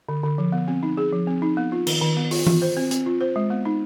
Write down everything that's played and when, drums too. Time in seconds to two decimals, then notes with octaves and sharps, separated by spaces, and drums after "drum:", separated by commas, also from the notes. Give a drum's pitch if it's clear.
0.09 D3
0.23 D3
0.38 F3
0.52 B3
0.68 C4
0.83 D#4
0.97 G#4
1.13 F3
1.27 C4
1.42 D#4
1.57 B3
1.72 F4
1.87 D#3, drum: cymbal
2.02 D#3
2.17 B3
2.31 F4, drum: open hi-hat
2.47 F4, drum: tom E3
2.62 C5
2.77 C4
2.91 C4, drum: hi-hat
3.06 F4
3.21 C5
3.36 G#3
3.50 B3
3.65 D#4